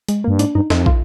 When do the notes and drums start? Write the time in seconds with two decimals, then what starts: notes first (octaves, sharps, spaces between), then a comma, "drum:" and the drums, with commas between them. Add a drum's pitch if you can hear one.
0.08 G#3, drum: hi-hat
0.24 G2 A#3
0.39 G#2 D4, drum: hi-hat
0.55 G2 D#4
0.70 F2 D#4, drum: snare
0.86 F4, drum: kick